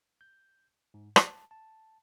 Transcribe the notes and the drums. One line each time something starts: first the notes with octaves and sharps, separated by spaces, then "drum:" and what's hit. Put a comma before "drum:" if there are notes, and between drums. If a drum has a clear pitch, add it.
G6
G#2
A5, drum: rim click
A5